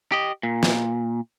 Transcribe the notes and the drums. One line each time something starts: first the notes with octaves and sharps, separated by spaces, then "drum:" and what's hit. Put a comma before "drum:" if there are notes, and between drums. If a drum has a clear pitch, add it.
G4 D#5
A#2
drum: snare